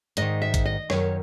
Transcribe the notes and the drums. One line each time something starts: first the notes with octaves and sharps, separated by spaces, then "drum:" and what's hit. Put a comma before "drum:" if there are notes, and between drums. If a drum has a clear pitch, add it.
G#2 D#3 D#5, drum: hi-hat
E5
drum: kick A1, hi-hat
D#5
F#2 D#3 C#5, drum: rim click